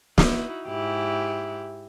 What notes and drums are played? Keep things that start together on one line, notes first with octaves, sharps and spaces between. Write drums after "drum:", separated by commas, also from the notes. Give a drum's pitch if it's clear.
D#4 E4 F#4, drum: snare
G#2 E4 G4